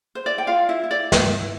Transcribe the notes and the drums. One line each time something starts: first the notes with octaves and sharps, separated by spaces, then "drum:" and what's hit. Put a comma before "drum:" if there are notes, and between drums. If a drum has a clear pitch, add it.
C5
E4 D5
G5
F4 F5
E4
E4 E5
E4
D5
E4, drum: snare
E4